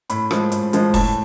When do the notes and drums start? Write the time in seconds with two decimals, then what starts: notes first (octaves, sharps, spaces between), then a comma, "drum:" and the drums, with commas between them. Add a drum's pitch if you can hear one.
0.10 A2 B5, drum: hi-hat
0.31 F3 G#3, drum: rim click
0.52 A2, drum: hi-hat
0.73 F3 G#3, drum: hi-hat
0.94 A2 A5, drum: kick, open hi-hat